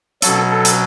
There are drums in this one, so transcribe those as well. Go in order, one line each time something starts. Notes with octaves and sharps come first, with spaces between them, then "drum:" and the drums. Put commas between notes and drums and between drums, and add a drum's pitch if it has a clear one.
B2 F#3 A4, drum: hi-hat
A4
drum: hi-hat